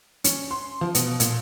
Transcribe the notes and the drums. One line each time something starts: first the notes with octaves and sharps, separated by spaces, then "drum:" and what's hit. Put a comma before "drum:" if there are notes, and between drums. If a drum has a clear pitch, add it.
C#4, drum: hi-hat
C6
F3
B2, drum: hi-hat
A#2, drum: hi-hat